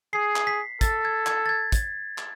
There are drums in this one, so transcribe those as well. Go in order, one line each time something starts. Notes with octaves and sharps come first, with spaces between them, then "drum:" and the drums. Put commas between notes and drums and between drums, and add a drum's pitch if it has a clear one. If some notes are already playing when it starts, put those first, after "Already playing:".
G#4 C7
drum: clap
B6
A4 A6, drum: kick, hi-hat
G#6
G#6, drum: clap
A6
G#6
drum: kick, hi-hat
drum: clap